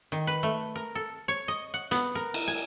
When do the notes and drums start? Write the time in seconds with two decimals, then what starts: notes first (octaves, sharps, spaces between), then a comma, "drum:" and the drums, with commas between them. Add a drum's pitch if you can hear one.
0.12 D#3
0.27 B4
0.43 A3
0.76 A#4
0.95 A4
1.28 C#5
1.48 D#5
1.74 F#5
1.91 B3, drum: hi-hat
2.15 A#4
2.34 drum: cymbal
2.48 G#5